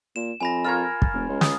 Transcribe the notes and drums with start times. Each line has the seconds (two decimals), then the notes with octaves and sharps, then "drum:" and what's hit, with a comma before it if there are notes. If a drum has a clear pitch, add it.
0.16 A#2 E7
0.41 F2 G#5 B5 A#6
0.65 F4 A#4 C#6 F6 G#6
1.02 drum: kick
1.14 F1
1.29 C#2
1.41 D#6, drum: snare